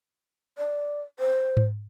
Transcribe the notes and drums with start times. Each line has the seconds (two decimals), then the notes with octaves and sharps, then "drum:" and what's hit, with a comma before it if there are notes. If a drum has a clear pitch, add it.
0.58 D5
1.19 C5
1.57 drum: tom G#2